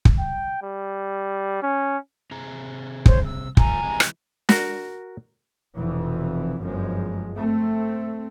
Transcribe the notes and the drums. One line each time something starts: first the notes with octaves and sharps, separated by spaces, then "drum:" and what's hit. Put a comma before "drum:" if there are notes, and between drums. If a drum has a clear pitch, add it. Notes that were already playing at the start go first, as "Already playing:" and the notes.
drum: kick
G5
G3
C#4
C3 G#4 A#5
C5 C#5, drum: kick
E6
F3 A3 G#5 A#5, drum: kick
C3 E3 G#3
drum: rim click
F#4 A#4, drum: snare
F1 F2 B2 E3
G1 F#2 F3 G#3
A3 C4